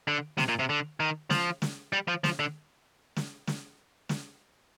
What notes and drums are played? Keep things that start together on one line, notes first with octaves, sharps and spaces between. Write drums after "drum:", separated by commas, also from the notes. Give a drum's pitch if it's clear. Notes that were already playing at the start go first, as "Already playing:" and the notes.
D3
C3, drum: snare
A#2
C3
D3
D#3
F3, drum: snare
drum: snare
G3
F3
F3, drum: snare
D3
drum: snare
drum: snare
drum: snare